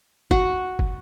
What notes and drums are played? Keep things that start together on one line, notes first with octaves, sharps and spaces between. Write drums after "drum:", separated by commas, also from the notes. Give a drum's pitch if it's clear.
F#4, drum: kick
drum: kick